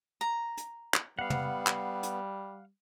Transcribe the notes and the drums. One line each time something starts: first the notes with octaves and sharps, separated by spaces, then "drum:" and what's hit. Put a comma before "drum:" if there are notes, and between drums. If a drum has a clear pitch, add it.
A#5
drum: hi-hat
drum: clap
G3 B3 F5 F#5
drum: tom
drum: clap
drum: hi-hat